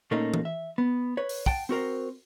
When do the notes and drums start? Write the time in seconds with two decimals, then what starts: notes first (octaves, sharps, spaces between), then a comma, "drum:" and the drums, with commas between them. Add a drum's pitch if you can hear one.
0.11 A#2 A3 A#3 C#4 D#4
0.34 drum: tom E3
0.45 E5
0.78 B3
1.17 B4 C#5
1.29 drum: open hi-hat
1.46 F#5 G5 A5, drum: kick
1.69 C4 F#4 A#4 C5